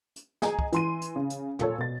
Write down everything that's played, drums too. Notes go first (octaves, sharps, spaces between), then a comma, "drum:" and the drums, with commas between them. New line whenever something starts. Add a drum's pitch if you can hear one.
drum: hi-hat
G#4 D#5 G#5 A#5, drum: snare
drum: kick
E3 C6 D#7, drum: hi-hat
drum: hi-hat
C#3
drum: hi-hat
A#2 A4 C#5, drum: tom
B2 A6